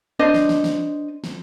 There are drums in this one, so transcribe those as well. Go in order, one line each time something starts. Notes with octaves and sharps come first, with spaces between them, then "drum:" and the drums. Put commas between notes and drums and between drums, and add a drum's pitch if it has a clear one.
D4 C5 D#5
drum: snare
drum: snare
drum: snare
drum: snare